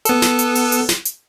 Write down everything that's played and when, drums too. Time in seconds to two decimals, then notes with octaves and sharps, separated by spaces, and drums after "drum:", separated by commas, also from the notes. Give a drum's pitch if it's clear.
0.05 B3 A4, drum: hi-hat
0.22 drum: snare
0.39 drum: hi-hat
0.55 drum: open hi-hat
0.72 drum: hi-hat
0.89 drum: snare
1.05 drum: hi-hat